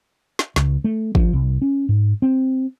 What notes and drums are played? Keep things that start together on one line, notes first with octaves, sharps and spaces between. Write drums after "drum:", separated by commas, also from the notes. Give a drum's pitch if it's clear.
drum: snare
C#2, drum: snare
A3
F3, drum: kick
C2
C#4
G#2
C4